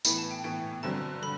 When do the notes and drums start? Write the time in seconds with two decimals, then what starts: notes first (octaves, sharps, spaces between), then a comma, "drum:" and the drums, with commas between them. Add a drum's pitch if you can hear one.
0.05 A2 E3 B3 B5, drum: tambourine
0.18 A5
0.31 G5
0.44 A2 E3 B3 G5
0.83 G2 D3 F#3 C4 A5
1.22 D3 B5